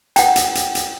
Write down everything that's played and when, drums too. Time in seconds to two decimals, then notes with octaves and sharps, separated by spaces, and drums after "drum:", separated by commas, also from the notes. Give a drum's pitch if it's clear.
0.16 F#5 G5, drum: hi-hat
0.36 drum: hi-hat
0.55 drum: hi-hat
0.75 drum: hi-hat